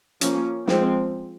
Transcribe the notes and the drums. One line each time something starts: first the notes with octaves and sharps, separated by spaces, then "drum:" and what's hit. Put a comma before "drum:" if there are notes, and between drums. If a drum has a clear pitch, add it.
F3 A#3 C#4, drum: hi-hat
F3 G#3 C4, drum: snare